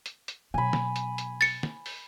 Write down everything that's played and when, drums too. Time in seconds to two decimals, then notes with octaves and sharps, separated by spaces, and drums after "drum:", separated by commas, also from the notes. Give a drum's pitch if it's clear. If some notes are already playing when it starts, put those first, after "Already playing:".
0.06 drum: hi-hat
0.28 drum: hi-hat
0.54 B2 F#3 G#5 B5
0.73 drum: snare
0.96 drum: hi-hat
1.18 drum: hi-hat
1.41 A6 C#7, drum: open hi-hat
1.63 drum: snare
1.86 drum: open hi-hat